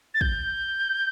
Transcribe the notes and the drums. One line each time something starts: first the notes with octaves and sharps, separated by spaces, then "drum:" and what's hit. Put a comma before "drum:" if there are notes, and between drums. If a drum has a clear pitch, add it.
A6
G6, drum: kick